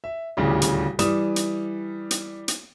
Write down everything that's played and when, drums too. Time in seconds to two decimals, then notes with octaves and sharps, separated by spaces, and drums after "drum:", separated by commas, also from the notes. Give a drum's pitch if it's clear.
0.04 E5
0.37 D#1 D2 A2 C#3 G4
0.62 drum: hi-hat
0.99 E3 G3 D#6 E7, drum: hi-hat
1.36 drum: hi-hat
2.11 drum: hi-hat
2.48 drum: hi-hat